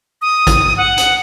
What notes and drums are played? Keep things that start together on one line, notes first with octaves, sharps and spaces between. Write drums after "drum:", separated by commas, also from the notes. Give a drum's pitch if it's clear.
D#6
drum: kick, hi-hat
F#5
drum: hi-hat